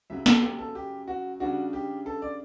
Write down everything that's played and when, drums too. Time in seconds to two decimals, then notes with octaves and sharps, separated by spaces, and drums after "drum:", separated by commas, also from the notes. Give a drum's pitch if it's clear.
0.10 F#2 C#3 F#3 E5
0.26 A4, drum: snare
0.42 G4
0.58 A4
0.75 G4
1.08 F#4
1.40 C#3 G3 D4 F#4
1.73 G4
2.06 A4
2.22 D5